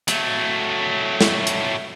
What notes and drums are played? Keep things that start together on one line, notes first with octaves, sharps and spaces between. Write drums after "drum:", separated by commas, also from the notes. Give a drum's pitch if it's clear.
F#3 A3, drum: hi-hat
drum: snare
drum: hi-hat